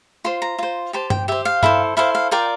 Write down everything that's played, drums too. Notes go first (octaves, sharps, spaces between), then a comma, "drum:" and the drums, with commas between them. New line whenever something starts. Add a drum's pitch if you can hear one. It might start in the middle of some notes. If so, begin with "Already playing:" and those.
F4 C5 C6
A#5
F4 C5
G4 C5 A5
G5, drum: tom G2
G4 C5 E5
F5
E4 A4 C5, drum: tom G2
E4 A4 C5 F5
F5
F4 A#4 D5 G5